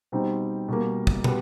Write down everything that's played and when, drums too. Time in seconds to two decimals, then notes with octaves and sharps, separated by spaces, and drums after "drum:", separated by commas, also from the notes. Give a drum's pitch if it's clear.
0.12 B2 G3 C4 D#4
0.68 B2 G3 A#3
1.07 drum: kick
1.24 B2 G3 B3, drum: tom